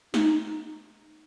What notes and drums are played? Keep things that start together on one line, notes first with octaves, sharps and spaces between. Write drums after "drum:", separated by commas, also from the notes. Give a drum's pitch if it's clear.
D#4, drum: snare